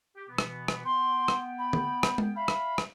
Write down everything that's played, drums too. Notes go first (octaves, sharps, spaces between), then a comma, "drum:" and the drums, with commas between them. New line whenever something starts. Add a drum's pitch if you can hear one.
G4
B2 E3 B3
drum: rim click
drum: rim click
B3 G5 C6
drum: rim click
B5
drum: tom D3
drum: rim click
drum: tom G#3
E5 F5 B5
drum: rim click
drum: rim click